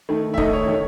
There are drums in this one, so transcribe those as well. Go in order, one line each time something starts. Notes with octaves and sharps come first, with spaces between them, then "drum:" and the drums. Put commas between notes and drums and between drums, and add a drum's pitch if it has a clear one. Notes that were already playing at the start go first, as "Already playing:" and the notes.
D#3 A3
E5
D#3 A3 D#5, drum: kick
C#5
D#3 A3